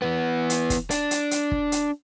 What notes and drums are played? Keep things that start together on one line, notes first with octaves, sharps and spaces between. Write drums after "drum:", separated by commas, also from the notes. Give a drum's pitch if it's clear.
E3 B3
drum: hi-hat
drum: kick, hi-hat
D4, drum: hi-hat
drum: hi-hat
drum: hi-hat
drum: kick
drum: hi-hat